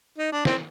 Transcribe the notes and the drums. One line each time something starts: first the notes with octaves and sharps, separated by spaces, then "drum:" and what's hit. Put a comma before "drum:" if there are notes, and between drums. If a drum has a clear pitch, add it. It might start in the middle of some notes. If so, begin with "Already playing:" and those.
D#4
D4
C4, drum: snare